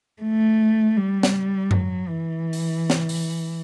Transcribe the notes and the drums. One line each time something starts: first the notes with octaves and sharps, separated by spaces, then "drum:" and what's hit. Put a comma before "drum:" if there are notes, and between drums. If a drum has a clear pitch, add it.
A3
G3
drum: snare
F#3, drum: tom F#2
E3
drum: open hi-hat
drum: snare
drum: open hi-hat